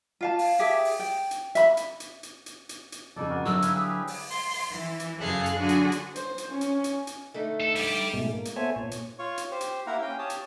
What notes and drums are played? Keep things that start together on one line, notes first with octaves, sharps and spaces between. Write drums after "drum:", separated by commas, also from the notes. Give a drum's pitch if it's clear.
F4 F5 A5
drum: open hi-hat
G4 G#4 E5
drum: open hi-hat
G5
drum: hi-hat
E5 B5, drum: hi-hat
drum: hi-hat
drum: hi-hat
drum: hi-hat
drum: hi-hat
drum: hi-hat
drum: hi-hat
F2 C#3 A4 D5 G#5
F#4 A#4
D3 F#3 E4 E6
B4 F5 G#5, drum: hi-hat
G4 G#4 B4
drum: open hi-hat
C6, drum: open hi-hat
drum: open hi-hat
E3
drum: hi-hat
F#2 C#3 G#4 A4 F5 F#6
drum: hi-hat
D3 F#3 D4 F#4 G#4
drum: hi-hat
drum: hi-hat
C5, drum: hi-hat
drum: hi-hat
C#4
drum: hi-hat
drum: hi-hat
drum: hi-hat
D3 A3 D#4
A4
G3 G4, drum: open hi-hat
G#2 B2 G#3 A3
A#3
drum: hi-hat
B3 A4 C5 C#5 E5 G#5
A#2 C#5
drum: hi-hat
F4 C#5 C#6
drum: hi-hat
G4 C5
drum: hi-hat
A#3 E4 G4 A#4 F#5 A#5
C#4 F5 G5
G4 C#5 A5 D#6
drum: hi-hat